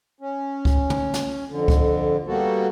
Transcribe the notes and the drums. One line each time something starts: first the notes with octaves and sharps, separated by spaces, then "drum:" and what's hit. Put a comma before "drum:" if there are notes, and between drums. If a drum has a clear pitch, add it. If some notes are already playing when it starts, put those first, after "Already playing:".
C#4
drum: kick C#2
drum: tom
drum: snare
F2 D3
drum: kick C#2
G3 A#3 B3 F#4 A4